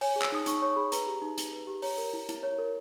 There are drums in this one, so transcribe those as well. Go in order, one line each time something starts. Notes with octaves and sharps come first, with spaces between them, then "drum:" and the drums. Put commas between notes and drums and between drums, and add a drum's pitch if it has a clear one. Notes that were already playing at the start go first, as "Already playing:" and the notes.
C#5 G#5, drum: open hi-hat
G#4
E6, drum: clap
D#4 D#6
D#4 C#6, drum: hi-hat
C#5 C#6
G#4 B5
B4 A#5, drum: hi-hat
G4
D#4
D#4, drum: hi-hat
B4
G4
C#5 A#5, drum: open hi-hat
A#4
E4
E4, drum: hi-hat
C#5
A#4